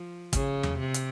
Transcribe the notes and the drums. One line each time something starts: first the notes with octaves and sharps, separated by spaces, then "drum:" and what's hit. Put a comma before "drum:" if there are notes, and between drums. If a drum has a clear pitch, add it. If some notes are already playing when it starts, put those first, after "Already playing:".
Already playing: F3
C#3, drum: kick, hi-hat
drum: tom E2
C3
drum: hi-hat